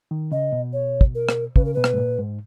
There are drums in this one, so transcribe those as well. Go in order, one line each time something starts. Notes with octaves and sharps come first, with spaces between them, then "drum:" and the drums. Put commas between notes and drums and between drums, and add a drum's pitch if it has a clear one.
D#3
C#3 D#5
B2
C#5
drum: kick
A#4
drum: rim click
C#3 B4, drum: kick
A#4
B2 B4
drum: rim click
G#2
A#2
G#2